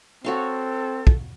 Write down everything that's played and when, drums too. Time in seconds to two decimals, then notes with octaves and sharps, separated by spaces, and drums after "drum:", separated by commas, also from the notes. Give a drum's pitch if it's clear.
0.24 C4 F#4 A4 C#5 F5
1.07 drum: kick